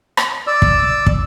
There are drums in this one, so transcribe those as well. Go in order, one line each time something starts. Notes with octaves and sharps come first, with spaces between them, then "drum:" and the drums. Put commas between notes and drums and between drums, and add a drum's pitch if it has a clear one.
drum: rim click
D5 E6
drum: kick
drum: kick